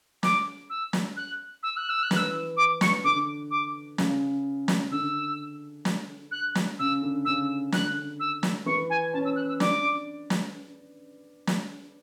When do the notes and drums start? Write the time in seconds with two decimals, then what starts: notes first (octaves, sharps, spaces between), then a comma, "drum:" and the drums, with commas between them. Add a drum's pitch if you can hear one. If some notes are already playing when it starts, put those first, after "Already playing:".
0.23 D6, drum: snare
0.70 E6
0.93 drum: snare
1.17 F#6
1.63 E6
1.77 F#6
1.90 E6
2.03 F#6
2.11 E3, drum: snare
2.17 E6
2.57 D6
2.81 C#6, drum: snare
3.04 D3 D6
3.51 D6
3.98 C#3, drum: snare
4.68 drum: snare
4.91 D3 E6
5.85 drum: snare
6.31 F#6
6.55 drum: snare
6.79 C#3 E6
7.02 D3
7.25 C#3 E6
7.72 D3 F#6, drum: snare
8.20 E6
8.43 drum: snare
8.66 E3 C#6
8.90 G#5
9.13 C#4 A5
9.25 E6
9.36 F#6
9.49 E6
9.60 D4 D6, drum: snare
10.30 drum: snare
11.47 drum: snare